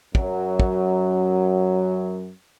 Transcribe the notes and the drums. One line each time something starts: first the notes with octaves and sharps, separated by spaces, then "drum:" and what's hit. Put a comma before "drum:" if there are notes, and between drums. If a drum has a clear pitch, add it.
F#2 F#3, drum: kick
drum: kick